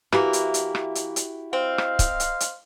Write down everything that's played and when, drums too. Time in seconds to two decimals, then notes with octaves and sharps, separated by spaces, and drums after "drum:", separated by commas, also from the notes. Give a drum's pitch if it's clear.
0.12 E3 A#3 E4 F#4 G4, drum: rim click
0.33 drum: hi-hat
0.54 drum: hi-hat
0.75 drum: rim click
0.95 drum: hi-hat
1.16 drum: hi-hat
1.53 C4 C5 D#5 F5
1.78 drum: rim click
1.99 drum: kick, hi-hat
2.20 drum: hi-hat
2.40 drum: hi-hat